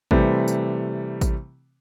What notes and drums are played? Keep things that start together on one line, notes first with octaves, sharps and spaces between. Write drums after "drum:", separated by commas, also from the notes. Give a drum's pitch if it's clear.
C3 E3 G3 A3 C4, drum: kick A1
drum: tambourine
drum: kick A1, tambourine